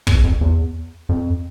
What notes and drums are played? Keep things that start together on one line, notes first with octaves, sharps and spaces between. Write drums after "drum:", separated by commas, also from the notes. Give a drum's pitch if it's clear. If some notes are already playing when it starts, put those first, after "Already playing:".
E2, drum: kick
F2
E2
F2